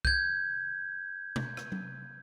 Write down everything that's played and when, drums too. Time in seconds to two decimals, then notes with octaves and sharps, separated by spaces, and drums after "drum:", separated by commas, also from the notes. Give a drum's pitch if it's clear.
0.05 G6 G#6, drum: kick C2
1.36 drum: tom B2
1.57 drum: rim click
1.72 drum: tom F#3